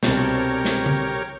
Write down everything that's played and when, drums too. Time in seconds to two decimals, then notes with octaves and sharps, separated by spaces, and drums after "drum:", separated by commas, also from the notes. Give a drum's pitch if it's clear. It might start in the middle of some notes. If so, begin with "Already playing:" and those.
0.03 C2 B2 C4 D4 G4 A4 A#4 C#5, drum: snare
0.65 drum: snare
0.86 drum: tom C#3